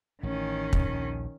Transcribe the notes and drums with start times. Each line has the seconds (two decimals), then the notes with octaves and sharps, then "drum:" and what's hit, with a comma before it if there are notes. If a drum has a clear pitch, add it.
0.23 A1 D#3 C#4
0.73 A#1 D#2, drum: kick